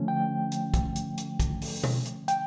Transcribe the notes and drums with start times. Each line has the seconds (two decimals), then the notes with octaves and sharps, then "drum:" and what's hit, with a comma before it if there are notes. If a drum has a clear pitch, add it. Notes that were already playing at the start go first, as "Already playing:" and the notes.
Already playing: D3 F3 A3 C#4
0.08 G5
0.52 drum: hi-hat
0.74 drum: kick, hi-hat
0.96 drum: hi-hat
1.18 drum: hi-hat
1.40 drum: kick, hi-hat
1.62 drum: open hi-hat
1.84 drum: tom B2
2.05 drum: hi-hat
2.28 G5, drum: hi-hat